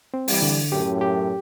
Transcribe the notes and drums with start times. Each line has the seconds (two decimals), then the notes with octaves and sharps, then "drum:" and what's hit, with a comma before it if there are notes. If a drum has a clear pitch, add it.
0.14 C4
0.28 E3 G3, drum: open hi-hat
0.42 D3
0.72 F#2 A2 G4
1.01 G4